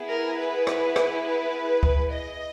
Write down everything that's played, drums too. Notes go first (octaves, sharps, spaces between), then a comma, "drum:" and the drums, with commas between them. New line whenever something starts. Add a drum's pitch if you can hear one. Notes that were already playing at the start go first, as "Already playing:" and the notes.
Already playing: B3 E4 G#4
A#4
B4
drum: rim click
drum: rim click
B4
drum: kick D2
D#5